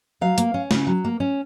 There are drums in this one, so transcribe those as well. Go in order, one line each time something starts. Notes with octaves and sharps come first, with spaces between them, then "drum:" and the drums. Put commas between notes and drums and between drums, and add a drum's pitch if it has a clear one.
F#3 F5
A#3, drum: hi-hat
C#4
C#3, drum: snare
F#3
A#3
C#4